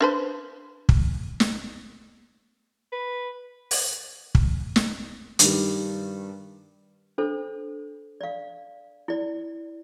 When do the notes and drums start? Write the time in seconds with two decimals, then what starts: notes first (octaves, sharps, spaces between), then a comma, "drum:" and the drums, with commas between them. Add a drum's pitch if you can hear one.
0.01 D4 B4 C5
0.89 drum: kick
1.40 drum: snare
2.92 B4
3.71 drum: open hi-hat
4.35 drum: kick
4.76 drum: snare
5.39 G2 D#3 G3, drum: hi-hat
7.18 D4 A4 C5
8.21 D5 F5
9.08 E4 D5